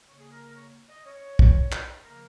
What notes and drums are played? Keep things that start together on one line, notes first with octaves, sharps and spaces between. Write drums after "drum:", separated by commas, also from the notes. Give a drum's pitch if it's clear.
C#3 A#3 C#5
G#4
A#4
A#4
C#5
D#5
C#5
drum: kick
drum: clap
C#3 F3 A#3 A#4